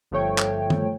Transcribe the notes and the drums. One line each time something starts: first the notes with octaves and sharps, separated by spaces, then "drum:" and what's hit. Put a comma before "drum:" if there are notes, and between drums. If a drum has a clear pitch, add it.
G1 F3 A3 C#5 G5
drum: clap
drum: tom